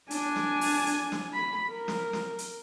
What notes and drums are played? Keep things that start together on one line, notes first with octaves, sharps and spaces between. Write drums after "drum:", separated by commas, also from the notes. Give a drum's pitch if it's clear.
D4 G#5, drum: hi-hat
drum: snare
drum: open hi-hat
drum: hi-hat
drum: snare
B5
A#4
drum: snare
drum: snare
drum: hi-hat